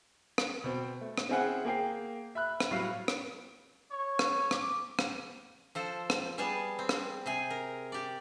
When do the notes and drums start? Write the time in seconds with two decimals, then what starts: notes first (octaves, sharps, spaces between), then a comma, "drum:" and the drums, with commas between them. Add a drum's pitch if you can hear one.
0.38 drum: rim click
0.64 B2 C4
1.01 A3
1.18 drum: rim click
1.29 C4 C#4 E4 G#4 E5 F#5
1.65 A#3 G#4 G5 C7
2.35 E5 B5 F#6
2.60 drum: rim click
2.71 A2 F#3 G3 F#4 F5 C7
3.08 drum: rim click
3.91 C#5
4.19 drum: rim click
4.51 D6, drum: rim click
4.99 drum: rim click
5.75 F3 A4 C5
6.10 drum: rim click
6.38 G3 B3 G#4 G#5 A5
6.79 C4
6.89 drum: rim click
7.26 C3 G#4 G#5
7.50 A#4
7.92 G4 D5